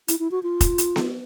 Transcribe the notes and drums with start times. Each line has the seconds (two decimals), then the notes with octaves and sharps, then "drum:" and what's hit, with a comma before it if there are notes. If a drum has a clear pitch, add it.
0.08 E4, drum: hi-hat
0.20 E4
0.31 F#4
0.43 F4
0.61 drum: kick F1, hi-hat
0.78 drum: hi-hat
0.96 drum: snare B3